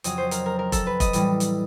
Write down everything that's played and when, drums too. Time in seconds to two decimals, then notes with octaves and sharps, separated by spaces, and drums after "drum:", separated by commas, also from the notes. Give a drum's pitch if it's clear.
0.04 F2 C#3 F#3 D#5, drum: hi-hat
0.18 C5
0.31 A#4, drum: hi-hat
0.46 A#4
0.59 A#4
0.72 A4, drum: kick F1, hi-hat
0.87 B4
1.00 D#5, drum: kick F1, hi-hat
1.13 A2 E3 G3, drum: hi-hat
1.40 drum: hi-hat